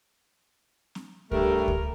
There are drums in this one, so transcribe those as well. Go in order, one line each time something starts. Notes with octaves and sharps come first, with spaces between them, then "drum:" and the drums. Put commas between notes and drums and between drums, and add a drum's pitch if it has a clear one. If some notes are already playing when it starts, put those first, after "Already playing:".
drum: snare C4
G2 A3 G4 A#4, drum: kick C#2
drum: kick C#2